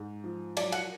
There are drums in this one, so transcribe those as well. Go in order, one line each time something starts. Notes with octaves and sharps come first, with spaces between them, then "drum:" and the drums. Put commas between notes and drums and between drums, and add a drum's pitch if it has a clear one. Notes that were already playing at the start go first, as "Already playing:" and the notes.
Already playing: G#2
F3
F#3 D5, drum: cymbal
F#5, drum: cymbal